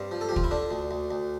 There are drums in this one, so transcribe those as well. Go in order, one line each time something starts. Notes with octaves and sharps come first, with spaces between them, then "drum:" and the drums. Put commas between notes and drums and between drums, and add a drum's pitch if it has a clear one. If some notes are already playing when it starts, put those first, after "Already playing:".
Already playing: G2 C4
F3
A4
F3 G4
F4, drum: kick D2
E4
D3 D4
D2
D2
D2